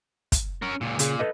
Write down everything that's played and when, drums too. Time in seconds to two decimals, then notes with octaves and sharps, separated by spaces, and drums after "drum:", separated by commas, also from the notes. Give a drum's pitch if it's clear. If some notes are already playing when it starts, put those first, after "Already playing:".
0.32 drum: kick, hi-hat
0.62 C#4 A#4
0.81 C#2 A#2
0.99 A#2 C#3 G#4, drum: hi-hat
1.19 A4 B4 D#5